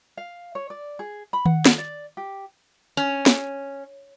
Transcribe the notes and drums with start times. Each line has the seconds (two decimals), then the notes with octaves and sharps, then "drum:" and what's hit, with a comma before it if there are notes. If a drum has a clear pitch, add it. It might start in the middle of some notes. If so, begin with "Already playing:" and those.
0.17 F5
0.55 C#5
0.70 D5
0.99 G#4
1.33 B5
1.46 F#5, drum: tom D#3
1.66 drum: snare
1.78 D5
2.17 G4
2.97 C#4
3.26 drum: snare